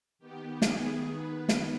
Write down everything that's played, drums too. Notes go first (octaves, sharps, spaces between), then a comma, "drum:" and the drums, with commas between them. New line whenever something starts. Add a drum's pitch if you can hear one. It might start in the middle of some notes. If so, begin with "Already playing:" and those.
D#3 B3 G4
G#4, drum: snare
B4
drum: snare